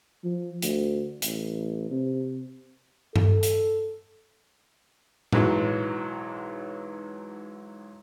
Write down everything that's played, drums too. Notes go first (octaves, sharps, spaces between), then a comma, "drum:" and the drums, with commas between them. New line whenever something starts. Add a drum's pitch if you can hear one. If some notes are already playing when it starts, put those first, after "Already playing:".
F3
D2, drum: hi-hat
A1, drum: hi-hat
C3
A4, drum: tom G2
drum: hi-hat
B1 G#2 E3 F#3 G#3, drum: tom A2